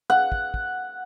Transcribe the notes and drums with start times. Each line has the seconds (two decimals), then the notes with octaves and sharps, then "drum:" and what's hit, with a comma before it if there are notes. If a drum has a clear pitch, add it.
0.10 F#5
0.32 drum: kick
0.54 drum: kick